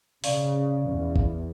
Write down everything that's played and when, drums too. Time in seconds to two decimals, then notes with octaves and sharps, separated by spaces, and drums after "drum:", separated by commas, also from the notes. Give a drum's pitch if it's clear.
0.24 C#3 C#4 D5 F5, drum: open hi-hat
0.89 E2
1.16 drum: kick A1